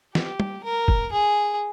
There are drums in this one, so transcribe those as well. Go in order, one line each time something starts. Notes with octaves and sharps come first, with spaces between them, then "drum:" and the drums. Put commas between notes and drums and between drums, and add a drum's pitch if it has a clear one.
G4, drum: snare
drum: tom
A#4
drum: kick
G#4